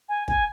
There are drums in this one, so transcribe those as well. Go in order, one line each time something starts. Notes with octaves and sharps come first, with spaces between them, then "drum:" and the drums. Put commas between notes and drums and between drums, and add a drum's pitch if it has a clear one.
G#5
G#5, drum: kick